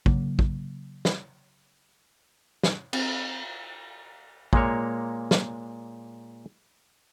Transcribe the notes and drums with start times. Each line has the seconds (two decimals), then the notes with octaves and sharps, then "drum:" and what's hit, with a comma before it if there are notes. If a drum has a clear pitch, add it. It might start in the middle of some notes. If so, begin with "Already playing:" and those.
0.06 C#3 F#3 A#3, drum: kick
0.39 drum: kick
1.05 drum: snare
2.63 drum: snare
2.93 C4, drum: cymbal
4.53 A#2 G#3 A#3 C#5, drum: kick
5.31 drum: snare